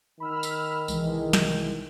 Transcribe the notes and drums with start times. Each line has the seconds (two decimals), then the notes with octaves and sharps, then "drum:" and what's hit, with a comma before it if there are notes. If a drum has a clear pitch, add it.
0.20 D#3 B5 E6 F6
0.43 drum: tambourine
0.88 C2 E3 G#3, drum: tambourine
1.33 drum: snare